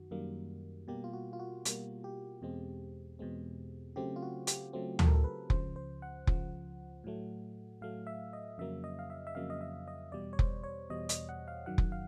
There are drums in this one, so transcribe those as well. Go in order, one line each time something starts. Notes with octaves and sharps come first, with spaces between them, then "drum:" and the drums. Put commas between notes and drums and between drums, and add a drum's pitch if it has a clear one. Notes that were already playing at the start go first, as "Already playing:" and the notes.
Already playing: F#2 D#3 F#4
F#2 D#3 G3 A#3
B2 G3 A#3 G4
F4
F#4
F4
F#4
B2 G3 A#3, drum: hi-hat
G4
E2 B2 G#3 C4
E2 B2 G#3 C4
C#3 F#3 A3 C4 G4
F4
F#4
G4, drum: hi-hat
C#3 F#3 A3 C4
A4, drum: tom
A#4
A4
B4
C#2 C#3 F3 C5, drum: kick F1
C5
F#5
C#2 C#3 F3, drum: kick F1
A2 F#3 A3
A2 F#3 A3 F5
E5
D#5
F2 C#3 F#3 A#3 E5
D#5
F5
E5
E5
F2 C#3 F#3 A#3 F5
D#5
E5
D#5
E2 B2 G3 D5
C#5
C5, drum: kick F1
C#5
E2 B2 G3 D#5
D#5, drum: hi-hat
F#5
F5
F#2 D#3 F#3 F#5
drum: kick F1
F5